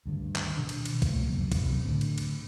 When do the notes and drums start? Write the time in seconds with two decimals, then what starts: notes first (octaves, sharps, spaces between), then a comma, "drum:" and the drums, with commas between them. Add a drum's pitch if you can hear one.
0.06 D2 G2 D#3
0.36 drum: clap
0.57 B2 D#3 E3 D4
0.69 drum: cymbal
0.85 drum: cymbal
1.02 drum: kick, cymbal
1.11 C#3 A3 A#3
1.28 F1 F#2 B2
1.52 drum: kick, cymbal
1.61 F#2 C3
1.85 A2 D3
2.01 drum: cymbal
2.18 drum: cymbal